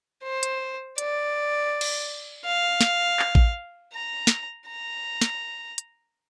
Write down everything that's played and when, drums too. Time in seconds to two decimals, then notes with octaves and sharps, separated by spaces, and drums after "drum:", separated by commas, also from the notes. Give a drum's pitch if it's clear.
0.24 C5
0.43 drum: hi-hat
0.98 D5, drum: hi-hat
1.81 drum: cymbal
2.45 F5
2.81 drum: snare
3.19 drum: clap
3.35 drum: kick A1
3.93 A#5
4.27 drum: snare
4.68 A#5
5.21 drum: snare
5.78 drum: hi-hat